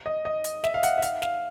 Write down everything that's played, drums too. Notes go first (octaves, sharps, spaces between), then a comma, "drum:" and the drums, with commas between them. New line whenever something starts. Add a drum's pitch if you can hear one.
D#5
D#5
drum: hi-hat
E5, drum: snare
F5
F#5, drum: hi-hat
E5
F5, drum: hi-hat
F5, drum: snare